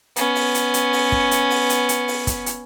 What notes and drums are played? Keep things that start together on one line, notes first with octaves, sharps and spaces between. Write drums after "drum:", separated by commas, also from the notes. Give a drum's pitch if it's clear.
B3 C#4, drum: hi-hat
drum: open hi-hat
drum: hi-hat
drum: hi-hat
drum: open hi-hat
drum: kick
drum: hi-hat
drum: open hi-hat
drum: hi-hat
drum: hi-hat
drum: open hi-hat
drum: kick, hi-hat
drum: hi-hat